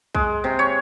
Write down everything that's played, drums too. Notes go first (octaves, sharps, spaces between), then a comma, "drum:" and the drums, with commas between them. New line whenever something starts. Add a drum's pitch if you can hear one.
G#3, drum: kick B1
C3
C#5